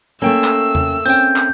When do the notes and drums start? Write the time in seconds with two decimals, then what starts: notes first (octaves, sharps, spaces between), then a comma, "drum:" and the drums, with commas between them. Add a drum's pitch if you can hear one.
0.22 A3 A#3 C#4 G5 E6
0.44 drum: clap
0.75 drum: tom E2
1.06 C4 C#4 G5 G6, drum: tambourine
1.36 drum: clap